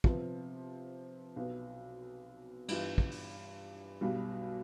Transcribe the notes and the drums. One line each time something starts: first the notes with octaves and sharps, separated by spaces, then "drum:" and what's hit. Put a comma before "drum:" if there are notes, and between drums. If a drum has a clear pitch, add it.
C3 F3 B3, drum: kick
B1 B2 B3
G2 E3 B3 F4, drum: cymbal
drum: kick
drum: open hi-hat
B1 B2 G3